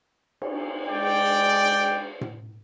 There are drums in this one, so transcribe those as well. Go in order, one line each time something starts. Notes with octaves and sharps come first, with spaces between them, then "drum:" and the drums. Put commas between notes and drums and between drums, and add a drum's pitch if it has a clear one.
drum: cymbal
G#3 D5 G5
drum: tom A2